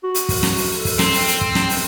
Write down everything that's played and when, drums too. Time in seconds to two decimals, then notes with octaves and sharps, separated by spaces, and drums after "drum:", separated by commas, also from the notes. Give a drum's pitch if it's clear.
0.04 F#4
0.15 drum: hi-hat
0.29 drum: kick, open hi-hat
0.43 drum: snare
0.57 drum: open hi-hat
0.75 A4
0.85 drum: kick, open hi-hat
0.99 C4, drum: snare
1.13 drum: open hi-hat
1.27 drum: hi-hat
1.41 drum: kick
1.55 drum: snare
1.69 drum: open hi-hat